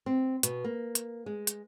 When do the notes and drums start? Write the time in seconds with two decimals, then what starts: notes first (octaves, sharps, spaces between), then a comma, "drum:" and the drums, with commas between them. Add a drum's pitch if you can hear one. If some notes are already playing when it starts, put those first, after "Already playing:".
0.06 C4
0.43 B2, drum: hi-hat
0.64 A#3
0.95 drum: hi-hat
1.26 G#3
1.47 drum: hi-hat